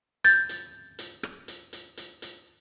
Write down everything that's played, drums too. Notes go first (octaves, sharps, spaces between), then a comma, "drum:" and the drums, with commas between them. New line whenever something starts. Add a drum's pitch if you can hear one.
G6 A6, drum: hi-hat
drum: hi-hat
drum: hi-hat
drum: rim click
drum: hi-hat
drum: hi-hat
drum: hi-hat
drum: hi-hat